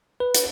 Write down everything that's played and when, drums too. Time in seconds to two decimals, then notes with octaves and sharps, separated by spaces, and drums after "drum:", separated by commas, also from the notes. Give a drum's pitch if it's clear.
0.20 B4
0.35 drum: hi-hat